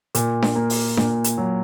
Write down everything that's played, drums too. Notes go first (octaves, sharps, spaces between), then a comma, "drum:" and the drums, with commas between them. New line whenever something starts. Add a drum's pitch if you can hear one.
A#2, drum: hi-hat
drum: snare D4
A#3
drum: open hi-hat
A#2, drum: snare D4
drum: hi-hat
F#3